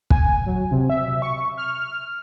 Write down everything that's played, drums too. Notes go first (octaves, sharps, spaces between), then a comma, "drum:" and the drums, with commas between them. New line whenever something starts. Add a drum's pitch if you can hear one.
G#5, drum: kick
F#3
C3
E5
C#6
F6